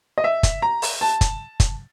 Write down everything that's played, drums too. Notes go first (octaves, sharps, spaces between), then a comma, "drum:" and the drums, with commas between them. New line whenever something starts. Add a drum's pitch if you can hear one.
D#5
E5
drum: kick, hi-hat
A#5
drum: open hi-hat
A5
drum: kick, hi-hat
drum: kick, hi-hat